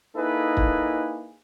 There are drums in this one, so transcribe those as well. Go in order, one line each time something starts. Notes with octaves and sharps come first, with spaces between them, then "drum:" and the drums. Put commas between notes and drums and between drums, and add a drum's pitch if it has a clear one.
A#3 D#4 E4 G#4 A4 B4
drum: kick